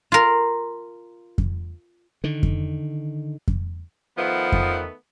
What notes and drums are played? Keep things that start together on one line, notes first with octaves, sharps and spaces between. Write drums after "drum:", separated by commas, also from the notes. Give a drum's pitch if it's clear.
F4 A#4
drum: kick F2
D3 D#3
drum: kick F2
drum: kick F2
D#3 F3 A3 B3
drum: kick F2